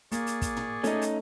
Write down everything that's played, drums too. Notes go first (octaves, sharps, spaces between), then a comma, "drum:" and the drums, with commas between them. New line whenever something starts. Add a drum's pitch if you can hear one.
A#3 G#4 D5 C#6, drum: hi-hat
drum: hi-hat
drum: kick, hi-hat
drum: tom
A3 C#4 D#4, drum: hi-hat
drum: hi-hat